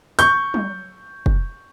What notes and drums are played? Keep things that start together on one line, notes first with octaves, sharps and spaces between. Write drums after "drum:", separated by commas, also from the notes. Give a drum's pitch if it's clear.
C#6 G6, drum: hi-hat
drum: tom F#3
drum: kick